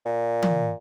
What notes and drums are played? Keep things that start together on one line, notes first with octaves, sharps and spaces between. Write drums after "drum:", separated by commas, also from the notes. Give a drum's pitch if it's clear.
A#2
drum: tom E3